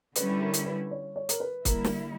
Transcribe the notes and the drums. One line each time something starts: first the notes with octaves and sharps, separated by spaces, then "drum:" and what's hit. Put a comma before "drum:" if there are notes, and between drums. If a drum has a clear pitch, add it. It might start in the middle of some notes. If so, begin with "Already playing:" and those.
D3 G3 C#4 E4 B4, drum: hi-hat
A#4
drum: hi-hat
B4
C#5
C#5
A#4, drum: hi-hat
B4
D3 G3 A#3 E4 A#4, drum: kick, hi-hat
drum: snare